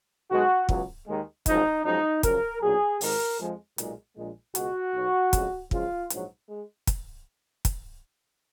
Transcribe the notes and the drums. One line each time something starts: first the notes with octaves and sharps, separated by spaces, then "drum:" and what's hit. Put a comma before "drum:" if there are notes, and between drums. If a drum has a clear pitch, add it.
B1 B2 G#3 F#4
C#2 B2 F#3, drum: kick
D#2 D#3 G#3
G#1 F#2 F3 G#3 D#4, drum: kick, hi-hat
F#2 F3 G#3 D#4
F#2 C#3 F3 A#4, drum: kick, hi-hat
B1 A#2 F#3 G#4
G#1 G#2 D#3 G#3 A#4, drum: open hi-hat
F2 F3 G#3
B1 A#2 G#3, drum: hi-hat
A#1 A#2 G#3
C#2 B2 G#3 F#4, drum: hi-hat
B1 B2 F#3
F2 C#3 G#3, drum: kick, hi-hat
F#2 C#3 F3 G#3 F4, drum: kick
A#1 G#2 F#3, drum: hi-hat
G#3
drum: kick, hi-hat
drum: kick, hi-hat